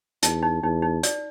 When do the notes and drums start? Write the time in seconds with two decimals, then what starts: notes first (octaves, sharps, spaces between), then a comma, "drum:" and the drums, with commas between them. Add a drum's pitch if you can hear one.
0.23 E2 D#4, drum: hi-hat
0.42 D#4
0.63 E2 D#4
0.82 D#4
1.03 D5, drum: hi-hat